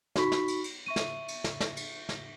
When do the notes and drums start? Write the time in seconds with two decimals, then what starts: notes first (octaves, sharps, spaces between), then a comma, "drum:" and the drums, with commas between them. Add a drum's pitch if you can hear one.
0.16 D#4 F#4 B5 C#6 B6, drum: snare
0.32 drum: snare
0.48 drum: cymbal
0.64 drum: cymbal
0.86 E5 C#6 D#7
0.96 drum: snare
1.28 drum: cymbal
1.44 drum: snare
1.60 drum: snare
1.77 drum: cymbal
2.09 drum: snare